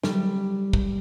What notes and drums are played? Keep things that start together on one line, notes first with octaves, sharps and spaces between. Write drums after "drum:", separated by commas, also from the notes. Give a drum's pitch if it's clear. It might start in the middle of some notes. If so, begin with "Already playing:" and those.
G3, drum: snare
drum: kick